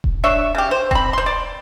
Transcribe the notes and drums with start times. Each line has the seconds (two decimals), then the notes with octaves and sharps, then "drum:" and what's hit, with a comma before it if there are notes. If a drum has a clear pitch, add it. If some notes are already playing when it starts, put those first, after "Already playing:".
0.04 drum: kick E1
0.24 D4 C#5 E5
0.55 C#3 G4
0.71 C5
0.91 C4 B5, drum: kick E1
1.13 C5 C6
1.26 D5